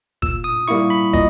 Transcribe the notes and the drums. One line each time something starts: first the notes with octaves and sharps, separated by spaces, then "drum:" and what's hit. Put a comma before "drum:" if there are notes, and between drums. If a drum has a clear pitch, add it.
A#2 E6, drum: kick
D#6
G3 A#3 E4 C#6
B5
A#2 D#5, drum: kick